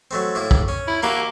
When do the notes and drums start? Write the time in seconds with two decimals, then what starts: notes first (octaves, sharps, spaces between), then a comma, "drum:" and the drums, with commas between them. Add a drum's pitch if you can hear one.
0.11 F#3 A3 C4
0.35 A2 A#3 E4
0.51 drum: kick
0.68 C#4
0.87 E4
1.03 A#3 E4 F#4 G4